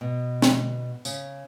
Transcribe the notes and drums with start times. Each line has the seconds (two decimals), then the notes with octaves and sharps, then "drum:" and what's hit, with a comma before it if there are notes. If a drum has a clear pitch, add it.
0.01 B2
0.42 drum: snare
1.05 C#3, drum: tambourine